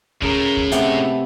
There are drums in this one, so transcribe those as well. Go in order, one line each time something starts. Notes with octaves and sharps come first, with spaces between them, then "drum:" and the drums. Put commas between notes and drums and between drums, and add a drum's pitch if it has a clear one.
A2 C#3 A#4, drum: kick D2
drum: kick D2
C3 A3 B3, drum: hi-hat